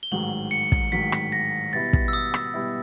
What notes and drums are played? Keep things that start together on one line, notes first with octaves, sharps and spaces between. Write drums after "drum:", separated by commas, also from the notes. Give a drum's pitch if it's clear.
G7
A1 G#2 D#3 F#3 F#7
C#7
drum: kick
A1 G#2 D#3 F#3 B6
drum: rim click
A#6
B2 G3 B3 E4 A6
drum: kick
E6
D#6
drum: rim click
B2 G3 B3 E4